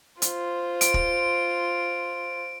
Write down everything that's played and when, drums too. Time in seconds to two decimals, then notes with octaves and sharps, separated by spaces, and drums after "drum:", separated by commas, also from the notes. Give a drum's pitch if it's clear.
0.22 F4 C5, drum: hi-hat
0.81 D7, drum: hi-hat
0.94 drum: kick